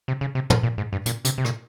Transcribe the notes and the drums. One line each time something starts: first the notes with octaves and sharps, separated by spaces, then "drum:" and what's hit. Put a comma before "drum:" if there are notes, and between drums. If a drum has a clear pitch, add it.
C3
C#3
C3
G#2, drum: tom
A#2
G#2
G2
A#2, drum: hi-hat
C3, drum: hi-hat
C3
A#2, drum: rim click